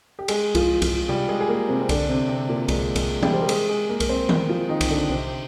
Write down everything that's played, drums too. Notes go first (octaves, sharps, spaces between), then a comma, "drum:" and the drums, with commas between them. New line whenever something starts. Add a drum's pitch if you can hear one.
G4
G#3 G#4, drum: cymbal
F3 F4, drum: kick C2, cymbal
F3 F4, drum: kick C2, cymbal
G3 G4, drum: tom C3
G#3 G#4
G#4
A#3 A#4
C3 C4
C4
D3 D4, drum: kick C2, cymbal
C3 C4
C3 C4
A#2 A#3
G#3, drum: kick C2, cymbal
G#3, drum: kick C2, cymbal
G3 G4, drum: tom E3
C5
A#4
G#3 G#4, drum: cymbal
G#3 G#4
A#3 A#4
A#4, drum: kick C2, cymbal
C4 C5
C4 C5, drum: tom D#3
F3 F4
D#3 D#4
C4, drum: kick C2, cymbal
D3 D4
C3 C4, drum: kick C2